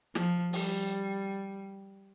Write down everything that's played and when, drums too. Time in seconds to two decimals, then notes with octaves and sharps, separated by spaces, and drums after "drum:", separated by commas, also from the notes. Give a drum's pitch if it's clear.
0.15 F3, drum: snare
0.53 G3, drum: open hi-hat